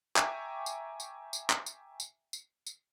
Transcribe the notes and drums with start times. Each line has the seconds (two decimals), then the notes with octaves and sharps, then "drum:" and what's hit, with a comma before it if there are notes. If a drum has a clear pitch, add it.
0.16 E5 G5 G#5 A#5 C#6 D6, drum: clap
0.66 drum: tambourine
1.00 drum: tambourine
1.33 drum: tambourine
1.50 drum: clap
1.66 drum: tambourine
2.00 drum: tambourine
2.33 drum: tambourine
2.67 drum: tambourine